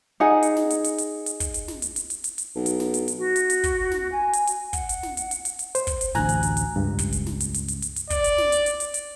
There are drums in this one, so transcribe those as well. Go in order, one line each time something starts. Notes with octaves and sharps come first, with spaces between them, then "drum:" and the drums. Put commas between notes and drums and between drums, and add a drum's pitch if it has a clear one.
D#4 G#4 F#5 G#5
drum: hi-hat
drum: snare
drum: hi-hat
drum: hi-hat
drum: hi-hat
drum: hi-hat
drum: kick, hi-hat
drum: hi-hat
drum: snare
drum: hi-hat
drum: hi-hat
drum: hi-hat
drum: hi-hat
drum: hi-hat
B1
drum: hi-hat
drum: snare
drum: hi-hat
drum: hi-hat
F#4
drum: hi-hat
drum: hi-hat
drum: kick, hi-hat
drum: snare
G#5
drum: hi-hat
drum: hi-hat
F#5, drum: kick, hi-hat
drum: hi-hat
drum: snare
drum: hi-hat
drum: hi-hat
drum: hi-hat
drum: hi-hat
C5, drum: hi-hat
drum: kick, hi-hat
drum: hi-hat
A1 D2 G#5 A#5 F#6, drum: snare
drum: hi-hat
drum: hi-hat
drum: hi-hat
C#2 G2
drum: kick, hi-hat
drum: hi-hat
drum: snare
drum: hi-hat
drum: hi-hat
drum: hi-hat
drum: hi-hat
drum: hi-hat
D5, drum: kick, hi-hat
drum: hi-hat
drum: snare
drum: hi-hat
drum: hi-hat
drum: hi-hat
drum: hi-hat